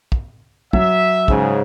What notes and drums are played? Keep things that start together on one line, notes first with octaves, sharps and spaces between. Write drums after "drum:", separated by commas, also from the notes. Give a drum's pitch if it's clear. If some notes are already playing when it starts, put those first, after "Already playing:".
drum: kick
F#3 E5, drum: kick
G#2 C#3, drum: kick